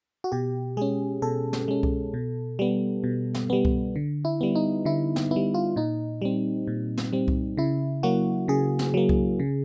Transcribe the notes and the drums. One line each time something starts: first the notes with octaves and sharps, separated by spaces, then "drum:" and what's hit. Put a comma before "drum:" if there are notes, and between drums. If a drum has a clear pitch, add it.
F#4
B2 G4
G#3 C#4 G#4
B2 A4
drum: snare
G#3 C#4
drum: kick C2
B2
G3 B3
B2
drum: snare
G3 B3
drum: kick C2
D3
E4
G3 B3
D#4
D3 E4
drum: snare
B3 E4
G3
F4
A#2 D#4
G3 C4
A#2
drum: snare
G3 C4
drum: kick C2
C#3 E4
F#3 A#3 F#4
C#3 G#4
drum: snare
F#3 A#3
drum: kick C2
C#3